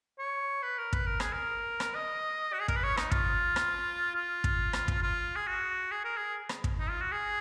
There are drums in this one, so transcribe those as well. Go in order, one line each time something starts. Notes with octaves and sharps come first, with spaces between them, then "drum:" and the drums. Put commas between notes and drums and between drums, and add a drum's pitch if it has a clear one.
C#5
B4
A#4
B4, drum: kick
A#4
G#4, drum: rim click
A#4
drum: rim click
D#5
F#4
G#4
A#4, drum: kick
B4
C#5
D#4, drum: rim click
F4, drum: kick
drum: rim click
F4
drum: kick
drum: rim click
drum: kick
F4
G#4
F#4
G#4
A#4
G#4
drum: rim click
drum: kick
D#4
F4
F#4
G#4